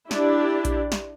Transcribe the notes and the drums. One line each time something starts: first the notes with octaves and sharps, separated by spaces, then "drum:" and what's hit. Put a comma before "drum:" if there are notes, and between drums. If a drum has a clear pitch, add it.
D4 E4 G4 D5, drum: snare
drum: kick A#1, hi-hat
drum: snare